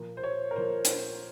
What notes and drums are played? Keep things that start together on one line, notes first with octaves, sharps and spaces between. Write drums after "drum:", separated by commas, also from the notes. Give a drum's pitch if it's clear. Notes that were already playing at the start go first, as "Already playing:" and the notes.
Already playing: A#2 F3 A#3
C5
C#5
A#4
A#2 F3 A#3 C5
drum: hi-hat